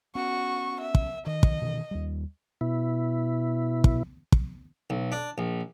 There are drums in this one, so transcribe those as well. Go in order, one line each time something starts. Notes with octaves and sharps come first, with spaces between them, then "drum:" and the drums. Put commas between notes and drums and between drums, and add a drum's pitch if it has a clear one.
B3 C#4 F#4 C#6
E5
drum: kick
D#3 D#5
drum: kick
B2 D#3 E3
D#2 G3
B2 E4
drum: kick
drum: kick
B1
D4
A#1